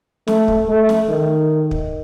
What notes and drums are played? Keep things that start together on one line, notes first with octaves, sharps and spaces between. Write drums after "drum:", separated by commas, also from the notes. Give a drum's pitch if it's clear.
A3, drum: snare
drum: kick
A3
drum: snare
D#3
drum: kick